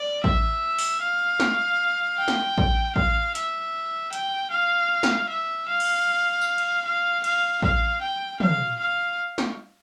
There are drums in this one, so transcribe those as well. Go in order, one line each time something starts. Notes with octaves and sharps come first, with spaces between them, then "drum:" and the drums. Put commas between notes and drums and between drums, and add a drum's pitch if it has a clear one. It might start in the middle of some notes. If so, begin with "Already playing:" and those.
Already playing: D5
E5, drum: kick
drum: open hi-hat
F5
drum: snare
G5
drum: snare
drum: kick
F5, drum: kick
E5, drum: hi-hat
G5, drum: hi-hat
F5
drum: snare
E5
F5
drum: cymbal
drum: tambourine
drum: cymbal
F5
F5, drum: cymbal
F5, drum: kick
G5
F5, drum: tom
F5
drum: snare